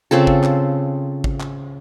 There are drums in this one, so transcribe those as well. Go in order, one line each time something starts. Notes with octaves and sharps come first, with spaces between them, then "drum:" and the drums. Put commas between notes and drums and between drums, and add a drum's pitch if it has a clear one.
C#3 C4 F4 A4
drum: kick G#1
drum: clap
drum: kick G#1
drum: clap